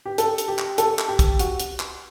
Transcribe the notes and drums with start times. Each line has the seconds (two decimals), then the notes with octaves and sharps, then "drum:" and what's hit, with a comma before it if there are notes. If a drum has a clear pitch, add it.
0.06 G4
0.18 A4, drum: hi-hat
0.38 drum: hi-hat
0.48 G4
0.58 drum: clap
0.78 A4, drum: hi-hat
0.99 drum: clap
1.08 G4
1.19 drum: kick, hi-hat
1.39 F#4, drum: hi-hat
1.60 drum: hi-hat
1.80 drum: clap